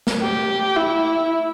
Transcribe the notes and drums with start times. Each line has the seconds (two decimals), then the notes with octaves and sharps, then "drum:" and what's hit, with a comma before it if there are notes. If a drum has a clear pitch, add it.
0.07 drum: snare
0.22 G4
0.76 E4